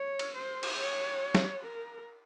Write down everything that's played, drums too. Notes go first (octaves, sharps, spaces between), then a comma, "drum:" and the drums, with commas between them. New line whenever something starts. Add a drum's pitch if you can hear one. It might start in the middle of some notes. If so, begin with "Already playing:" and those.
Already playing: C#5
drum: cymbal
C5
drum: cymbal
C#5
drum: snare
A#4